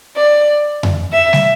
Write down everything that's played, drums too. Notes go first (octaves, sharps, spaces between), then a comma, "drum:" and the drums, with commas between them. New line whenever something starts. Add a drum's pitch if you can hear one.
D5
drum: tom F2
E5
drum: snare